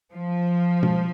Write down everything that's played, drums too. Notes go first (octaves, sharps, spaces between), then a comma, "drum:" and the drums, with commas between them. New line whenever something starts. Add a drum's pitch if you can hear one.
F3
drum: tom